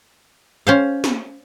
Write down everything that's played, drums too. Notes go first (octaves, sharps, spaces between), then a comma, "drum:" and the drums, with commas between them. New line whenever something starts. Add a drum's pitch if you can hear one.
C#4 C5 F5
drum: snare